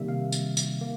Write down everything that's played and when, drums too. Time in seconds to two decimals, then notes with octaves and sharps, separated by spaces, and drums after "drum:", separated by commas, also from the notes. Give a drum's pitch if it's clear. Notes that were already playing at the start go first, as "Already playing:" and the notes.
Already playing: C3 D#3 G3 A#3 E5
0.08 F5
0.32 drum: tambourine
0.57 drum: tambourine
0.81 A#3